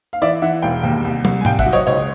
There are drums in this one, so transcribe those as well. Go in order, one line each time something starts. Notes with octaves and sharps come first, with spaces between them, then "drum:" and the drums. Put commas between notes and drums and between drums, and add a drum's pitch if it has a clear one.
F5
E3 D5 E5
E3 E5 F#5
E1 F5 G5
D#2
C2
C2, drum: tom
G#5
C2 F5 G5, drum: tom
E5 F#5, drum: kick
F#3
C#5 D#5
C#2 C#5 D#5